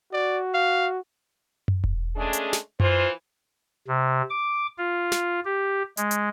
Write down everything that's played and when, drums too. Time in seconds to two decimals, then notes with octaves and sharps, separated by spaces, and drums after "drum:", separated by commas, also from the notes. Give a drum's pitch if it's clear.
0.13 F#4 D5
0.54 F5
1.68 drum: tom F#2
1.84 drum: kick E1
2.16 G#3 A3 C#4 D4 G#4
2.33 drum: hi-hat
2.53 drum: snare
2.80 E3 F4 C5, drum: tom F#2
3.88 C3
4.30 D6
4.78 F4
5.12 drum: snare
5.45 G4
5.97 G#3, drum: hi-hat
6.11 drum: hi-hat